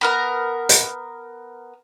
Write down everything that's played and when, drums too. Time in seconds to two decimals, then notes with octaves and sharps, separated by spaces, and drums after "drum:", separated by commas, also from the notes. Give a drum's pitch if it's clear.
0.01 B3 A#4 A#5
0.69 drum: hi-hat